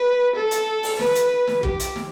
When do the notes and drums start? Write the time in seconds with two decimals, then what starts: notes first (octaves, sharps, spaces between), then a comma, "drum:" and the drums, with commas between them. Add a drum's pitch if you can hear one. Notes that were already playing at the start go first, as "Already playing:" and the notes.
Already playing: B4
0.35 A4
0.51 drum: hi-hat
0.83 drum: open hi-hat
0.99 B4, drum: snare
1.15 drum: hi-hat
1.47 drum: snare
1.63 G4, drum: kick
1.80 drum: hi-hat
1.96 drum: snare